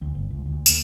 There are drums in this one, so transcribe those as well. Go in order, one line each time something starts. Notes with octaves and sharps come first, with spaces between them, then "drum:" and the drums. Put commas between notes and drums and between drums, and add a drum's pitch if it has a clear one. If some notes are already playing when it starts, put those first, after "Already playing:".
D2
G1
C#2
D2
D#2, drum: tambourine